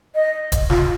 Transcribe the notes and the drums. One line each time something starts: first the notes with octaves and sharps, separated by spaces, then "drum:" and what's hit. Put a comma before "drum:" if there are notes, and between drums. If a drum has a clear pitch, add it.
D#5
drum: kick D#1, hi-hat
F4, drum: snare